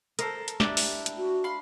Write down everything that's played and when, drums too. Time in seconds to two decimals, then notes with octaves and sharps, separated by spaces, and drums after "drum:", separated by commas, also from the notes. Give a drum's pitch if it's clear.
0.19 A4 A#4 C5 D#5, drum: hi-hat
0.48 drum: hi-hat
0.60 D4 E4 G4, drum: snare
0.77 drum: open hi-hat
1.06 drum: hi-hat
1.17 F#4
1.44 F5 B5 C6